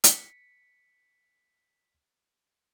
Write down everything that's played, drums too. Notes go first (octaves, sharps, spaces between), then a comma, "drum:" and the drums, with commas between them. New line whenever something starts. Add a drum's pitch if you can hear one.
B6 C#7, drum: hi-hat